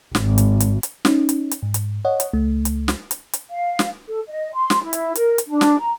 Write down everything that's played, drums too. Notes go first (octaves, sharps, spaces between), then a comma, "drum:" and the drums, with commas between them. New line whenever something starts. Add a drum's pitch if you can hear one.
G#1, drum: snare
drum: hi-hat
drum: hi-hat
drum: hi-hat
C#4 D#4, drum: snare
drum: hi-hat
drum: hi-hat
G#2
drum: hi-hat
C#5 D#5 F#5
drum: hi-hat
C#2 A3
drum: hi-hat
drum: snare
drum: hi-hat
drum: hi-hat
F5
drum: snare
A4
D#5
C6
drum: snare
E4
drum: hi-hat
A#4, drum: hi-hat
drum: hi-hat
D4
drum: snare
A#5